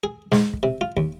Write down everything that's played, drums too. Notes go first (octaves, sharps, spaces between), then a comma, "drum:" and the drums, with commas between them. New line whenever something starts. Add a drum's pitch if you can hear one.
G#4
G#2, drum: snare
drum: kick
C3
F4
D#2, drum: kick